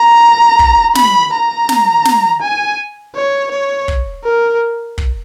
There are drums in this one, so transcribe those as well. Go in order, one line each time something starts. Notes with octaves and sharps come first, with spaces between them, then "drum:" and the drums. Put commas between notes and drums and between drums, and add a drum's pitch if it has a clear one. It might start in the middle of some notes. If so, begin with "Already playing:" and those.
Already playing: A#5
drum: kick
B5, drum: snare
A#5
drum: snare
drum: snare
G#5
C#5
C#5
drum: kick
A#4
drum: kick